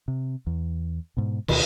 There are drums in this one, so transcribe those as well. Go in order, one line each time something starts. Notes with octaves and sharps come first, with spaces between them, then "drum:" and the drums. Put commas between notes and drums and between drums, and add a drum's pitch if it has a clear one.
C3
E2
G#2 B2
D2 B2 D#3, drum: cymbal